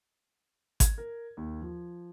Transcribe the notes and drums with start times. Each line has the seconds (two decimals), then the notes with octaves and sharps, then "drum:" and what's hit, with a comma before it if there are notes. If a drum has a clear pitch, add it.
0.80 G#6, drum: kick G#1, hi-hat
0.98 A#4
1.37 D#2
1.61 F3